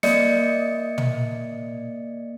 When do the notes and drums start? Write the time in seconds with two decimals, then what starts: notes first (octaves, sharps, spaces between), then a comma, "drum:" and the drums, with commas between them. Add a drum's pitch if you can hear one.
0.03 A#3 D5 D#5 C#7, drum: snare
0.98 drum: tom